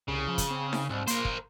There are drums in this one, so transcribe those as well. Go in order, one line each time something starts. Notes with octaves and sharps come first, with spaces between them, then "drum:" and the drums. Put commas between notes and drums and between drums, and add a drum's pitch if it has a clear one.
C2 C#3
F3
drum: kick, hi-hat
C4
drum: snare D#4
C2 G#2
A#3 A#4 C5, drum: hi-hat
drum: kick